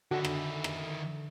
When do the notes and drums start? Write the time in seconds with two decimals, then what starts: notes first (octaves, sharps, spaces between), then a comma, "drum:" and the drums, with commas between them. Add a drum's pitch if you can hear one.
0.11 D3 D#3 E4 F#4
0.25 drum: rim click
0.64 drum: rim click